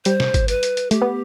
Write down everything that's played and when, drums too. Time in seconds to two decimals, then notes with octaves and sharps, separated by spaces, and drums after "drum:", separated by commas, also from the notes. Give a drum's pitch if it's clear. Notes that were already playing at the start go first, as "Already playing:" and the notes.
0.05 G3 C5, drum: hi-hat
0.20 drum: snare
0.34 drum: kick, hi-hat
0.48 B4, drum: hi-hat
0.63 drum: hi-hat
0.77 drum: hi-hat
0.91 A3 G4, drum: hi-hat
1.02 B3